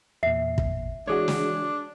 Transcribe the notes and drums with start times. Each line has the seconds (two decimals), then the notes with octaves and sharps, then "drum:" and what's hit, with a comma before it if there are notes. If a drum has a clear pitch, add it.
0.23 E2 A#2 E5 C7
0.58 drum: kick
1.07 E3 G#3 D4 F#4 G#4 C#5
1.28 drum: snare